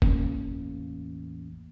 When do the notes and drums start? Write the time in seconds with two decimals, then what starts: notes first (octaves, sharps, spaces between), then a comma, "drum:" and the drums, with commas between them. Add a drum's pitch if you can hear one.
0.02 A1 E2 A#3 C#4, drum: kick